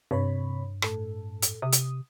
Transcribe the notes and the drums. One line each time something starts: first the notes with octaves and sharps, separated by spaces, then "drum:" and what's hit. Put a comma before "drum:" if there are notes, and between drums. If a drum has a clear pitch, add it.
G2 C3 C#5 B5
A2 A4, drum: rim click
drum: hi-hat
C3 D#6
drum: hi-hat